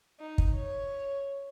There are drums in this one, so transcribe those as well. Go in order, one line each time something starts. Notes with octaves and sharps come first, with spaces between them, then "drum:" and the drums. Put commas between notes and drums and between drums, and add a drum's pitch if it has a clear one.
D#4
drum: kick
C#5